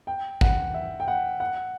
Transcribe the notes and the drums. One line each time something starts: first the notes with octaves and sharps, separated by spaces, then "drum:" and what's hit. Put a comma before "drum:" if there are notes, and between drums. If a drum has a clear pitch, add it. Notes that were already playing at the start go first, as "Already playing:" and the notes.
G5
F#5, drum: kick
E5
G5
F#5
F#5